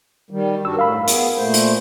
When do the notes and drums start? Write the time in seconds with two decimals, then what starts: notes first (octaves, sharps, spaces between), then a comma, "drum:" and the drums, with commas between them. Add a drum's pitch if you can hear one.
0.30 D#3 G3
0.65 G2 D4 F#4 E6
0.76 A2 A#4 F5 B5
1.08 B3 G#4, drum: hi-hat
1.37 A#2 A3 C5
1.54 drum: hi-hat